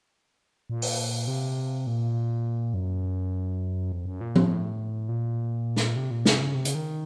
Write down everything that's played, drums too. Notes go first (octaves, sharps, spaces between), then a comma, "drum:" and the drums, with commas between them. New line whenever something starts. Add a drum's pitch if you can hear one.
A#2
drum: open hi-hat
C3
A#2
F#2
F2
F#2
A#2
A2, drum: tom F3
A#2
drum: snare
C3
A#2
C3, drum: snare
C#3
C3
C#3, drum: hi-hat
D#3